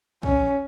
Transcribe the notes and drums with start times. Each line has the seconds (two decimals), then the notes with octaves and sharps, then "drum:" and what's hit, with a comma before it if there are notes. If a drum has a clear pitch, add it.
0.23 C#4, drum: kick